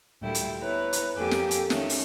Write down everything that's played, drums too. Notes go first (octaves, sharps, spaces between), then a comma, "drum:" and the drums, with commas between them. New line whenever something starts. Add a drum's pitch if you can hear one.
D2 A#2 G3 A3 E4 G5
drum: hi-hat
B3 E4 B4 C#5 A#5
drum: hi-hat
F2 A#3 G4 A4 G#5 D6
drum: snare
drum: hi-hat
D#3 A3 C#4, drum: snare
drum: open hi-hat